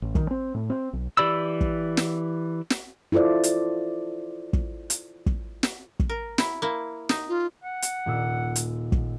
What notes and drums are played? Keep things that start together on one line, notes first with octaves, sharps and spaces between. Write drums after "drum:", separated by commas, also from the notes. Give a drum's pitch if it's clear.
A1
D#3, drum: kick
C4
A2
C4
B1
E3 G4 D5 B5 E6
drum: kick
drum: snare
drum: snare
E4 F4 A4 C5 D5
drum: hi-hat
drum: kick
drum: hi-hat
drum: kick
drum: snare
drum: kick
A#4
E4, drum: snare
A#3 E4
D#4, drum: snare
F4
F#5
drum: hi-hat
D#1 A#2 E6
drum: hi-hat
drum: kick